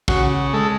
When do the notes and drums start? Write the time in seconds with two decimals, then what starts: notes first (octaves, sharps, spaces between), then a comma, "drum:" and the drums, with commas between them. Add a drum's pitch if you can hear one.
0.08 C#3 F#4, drum: kick
0.53 G#3 A4